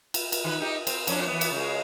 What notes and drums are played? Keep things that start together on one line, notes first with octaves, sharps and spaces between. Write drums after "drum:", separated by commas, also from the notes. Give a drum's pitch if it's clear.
drum: cymbal
drum: cymbal
D#3 B4
D#4 G4
C4, drum: cymbal
F2 C#4 D4, drum: cymbal
E3 B3
drum: cymbal
C#3 G#3